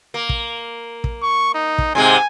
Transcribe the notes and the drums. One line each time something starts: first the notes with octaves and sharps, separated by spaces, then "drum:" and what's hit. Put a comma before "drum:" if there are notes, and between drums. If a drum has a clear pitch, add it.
A#3
drum: kick
drum: kick
C#6
D#4
drum: kick
G#2 C3 G#3 G#5